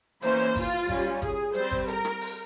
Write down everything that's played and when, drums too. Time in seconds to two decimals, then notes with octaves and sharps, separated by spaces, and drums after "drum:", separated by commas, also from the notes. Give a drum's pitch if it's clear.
0.22 E3 A#3 C#4 C5, drum: hi-hat
0.56 F4, drum: kick G1, open hi-hat
0.89 G3 C#4, drum: kick G1, hi-hat
1.22 G#4, drum: kick G1, hi-hat
1.54 G3 C4 C5, drum: hi-hat
1.71 drum: kick G1
1.88 A#4, drum: hi-hat
2.05 drum: rim click
2.21 drum: open hi-hat